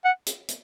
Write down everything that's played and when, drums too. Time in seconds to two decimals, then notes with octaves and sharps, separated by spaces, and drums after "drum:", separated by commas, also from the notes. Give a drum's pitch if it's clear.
0.05 F#5
0.26 drum: hi-hat
0.48 drum: hi-hat